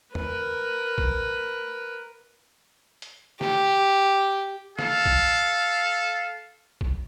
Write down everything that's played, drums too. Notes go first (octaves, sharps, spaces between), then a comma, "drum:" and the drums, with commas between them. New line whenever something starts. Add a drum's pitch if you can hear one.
A#4 B4, drum: tom
drum: kick A#1
drum: hi-hat
G4, drum: snare
A4 F5, drum: snare
drum: kick A#1
drum: kick A#1